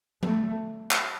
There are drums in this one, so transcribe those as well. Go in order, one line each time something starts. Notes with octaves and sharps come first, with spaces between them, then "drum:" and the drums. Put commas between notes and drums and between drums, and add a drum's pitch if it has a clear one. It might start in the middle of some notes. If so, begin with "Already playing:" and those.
A3, drum: tom F3
drum: clap